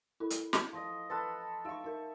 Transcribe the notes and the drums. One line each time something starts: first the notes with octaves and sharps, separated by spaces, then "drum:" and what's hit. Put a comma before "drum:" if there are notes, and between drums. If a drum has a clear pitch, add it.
E4 A4 B5
drum: hi-hat
drum: snare
F3 D#5
A4 B4 A5 B5 C6 F#6
D#4 E5 F5 C#6
D#4 A#4